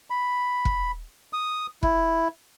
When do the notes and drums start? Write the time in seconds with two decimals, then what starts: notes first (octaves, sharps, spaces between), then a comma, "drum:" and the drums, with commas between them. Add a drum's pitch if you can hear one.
0.10 B5
0.65 drum: kick
1.33 D#6
1.83 E4, drum: kick